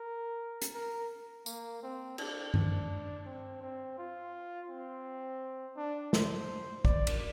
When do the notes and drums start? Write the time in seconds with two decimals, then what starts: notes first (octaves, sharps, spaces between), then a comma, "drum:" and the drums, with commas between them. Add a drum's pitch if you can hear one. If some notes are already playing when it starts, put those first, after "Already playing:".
Already playing: A#4
0.62 drum: hi-hat
0.75 A#4
1.46 A#3, drum: tambourine
1.83 C4
2.18 D4, drum: cymbal
2.54 D4, drum: tom G2
3.26 C4
3.62 C4
3.98 F4
4.70 C4
5.77 D4
6.13 C5, drum: snare
6.85 D5, drum: kick
7.07 drum: cymbal